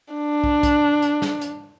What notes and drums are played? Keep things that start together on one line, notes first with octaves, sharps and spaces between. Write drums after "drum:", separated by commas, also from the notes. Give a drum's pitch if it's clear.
D4
drum: kick
drum: kick, hi-hat
drum: hi-hat
drum: snare
drum: hi-hat